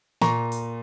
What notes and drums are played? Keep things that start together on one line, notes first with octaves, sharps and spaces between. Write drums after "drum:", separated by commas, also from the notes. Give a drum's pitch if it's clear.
A#2 A#5 C#6, drum: snare
drum: open hi-hat